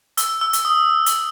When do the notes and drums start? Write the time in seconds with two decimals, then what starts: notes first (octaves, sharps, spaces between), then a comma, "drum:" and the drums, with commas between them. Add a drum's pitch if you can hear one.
0.17 E6, drum: hi-hat
0.41 E6
0.53 drum: hi-hat
0.65 D#6
1.06 drum: hi-hat